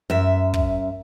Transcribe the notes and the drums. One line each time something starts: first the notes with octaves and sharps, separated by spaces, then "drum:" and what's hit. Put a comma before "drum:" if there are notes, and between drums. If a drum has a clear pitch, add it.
F#2 E5
drum: kick